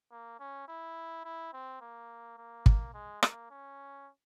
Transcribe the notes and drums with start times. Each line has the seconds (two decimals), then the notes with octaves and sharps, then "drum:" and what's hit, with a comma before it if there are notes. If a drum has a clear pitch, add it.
0.11 A#3
0.40 C#4
0.68 E4
1.25 E4
1.53 C4
1.81 A#3
2.38 A#3
2.66 drum: kick
2.94 G#3
3.23 A#3, drum: rim click
3.50 C#4